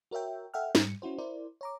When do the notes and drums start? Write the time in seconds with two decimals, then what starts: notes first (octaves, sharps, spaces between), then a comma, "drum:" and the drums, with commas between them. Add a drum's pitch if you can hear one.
0.11 F#4 A#4 C#5 E5 G5
0.54 A4 E5 F#5 G5 F6
0.75 G#2 G3 C#7, drum: snare
1.02 C#4 E4 F#4 C5
1.18 E4 A#4 C5 D5
1.61 C#5 A#5 D6